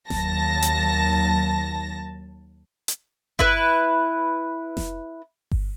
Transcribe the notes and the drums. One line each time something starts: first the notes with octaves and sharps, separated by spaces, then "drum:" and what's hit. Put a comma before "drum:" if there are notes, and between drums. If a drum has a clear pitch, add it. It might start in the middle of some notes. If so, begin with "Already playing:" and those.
D#2 F#3 A5 A#6, drum: snare F1
drum: hi-hat
drum: hi-hat
E4 B4, drum: kick G1
drum: snare F1
drum: kick G1